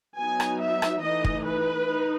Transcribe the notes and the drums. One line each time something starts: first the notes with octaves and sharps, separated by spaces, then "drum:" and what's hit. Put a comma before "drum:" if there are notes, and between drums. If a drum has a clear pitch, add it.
F#3 B3 D#4 G#5
drum: rim click
E5
drum: rim click
E3 A3 D#4 D#5
drum: kick
B4
D#4